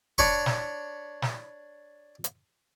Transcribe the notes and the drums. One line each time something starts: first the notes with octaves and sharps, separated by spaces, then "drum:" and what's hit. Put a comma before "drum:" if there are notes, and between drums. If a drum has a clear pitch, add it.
D4 C#5 B5 C#6, drum: kick
drum: snare
drum: snare
drum: hi-hat